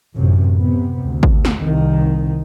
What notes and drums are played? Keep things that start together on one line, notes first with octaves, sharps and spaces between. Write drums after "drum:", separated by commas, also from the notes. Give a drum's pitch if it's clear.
A1 F#2 C3
C3 B3
D2
drum: kick
drum: snare
C2 D#3